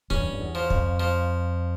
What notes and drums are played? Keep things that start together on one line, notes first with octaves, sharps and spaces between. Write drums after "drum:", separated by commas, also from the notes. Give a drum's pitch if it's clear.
E2 G2 C#4, drum: kick
F2
E2
F3
F2, drum: kick
F3